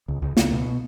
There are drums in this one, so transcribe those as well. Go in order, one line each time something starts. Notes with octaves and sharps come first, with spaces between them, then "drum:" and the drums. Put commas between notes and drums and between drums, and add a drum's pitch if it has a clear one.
C#2
C#2
C#2, drum: snare
B2